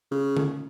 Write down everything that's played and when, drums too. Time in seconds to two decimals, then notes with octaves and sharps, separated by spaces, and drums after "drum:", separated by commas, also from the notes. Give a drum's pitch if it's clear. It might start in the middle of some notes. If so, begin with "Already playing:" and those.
0.11 C#3
0.37 drum: tom D3